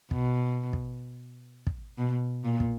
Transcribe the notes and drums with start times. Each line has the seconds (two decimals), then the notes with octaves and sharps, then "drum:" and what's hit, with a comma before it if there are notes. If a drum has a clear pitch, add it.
0.11 B2, drum: kick
0.73 drum: kick
1.67 drum: kick
1.98 B2
2.44 A#2
2.60 drum: kick